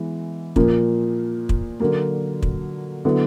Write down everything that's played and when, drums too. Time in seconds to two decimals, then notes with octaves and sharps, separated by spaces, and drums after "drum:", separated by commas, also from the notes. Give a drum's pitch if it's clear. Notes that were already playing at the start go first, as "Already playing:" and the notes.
Already playing: E3 G#3 B3
0.56 A#2 F3 A#3, drum: kick
1.49 drum: kick
1.80 D3 F#3 A#3
2.43 drum: kick
3.05 D3 F#3 B3 E4